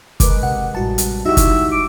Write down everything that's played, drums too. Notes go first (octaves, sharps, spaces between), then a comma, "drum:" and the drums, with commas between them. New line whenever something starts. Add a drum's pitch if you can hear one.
G#3 A#4 B4 D6, drum: kick, hi-hat
C3 F#5
A1 G3 F#4 A5
drum: hi-hat
D#4 E4 F#4 G4 E5
drum: kick, hi-hat
D6